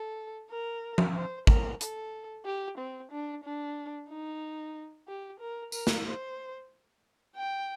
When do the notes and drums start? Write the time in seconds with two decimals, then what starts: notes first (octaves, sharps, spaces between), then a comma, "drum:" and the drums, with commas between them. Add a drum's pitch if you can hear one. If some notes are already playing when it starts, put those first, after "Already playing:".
Already playing: A4
0.50 A#4
0.98 drum: tom F3
1.15 C5
1.47 A#4, drum: kick G#1
1.81 A4, drum: hi-hat
2.45 G4
2.78 C4
3.11 D4
3.44 D4
4.09 D#4
5.08 G4
5.40 A#4
5.72 A#4, drum: tambourine
5.87 drum: snare
6.05 C5
7.36 G5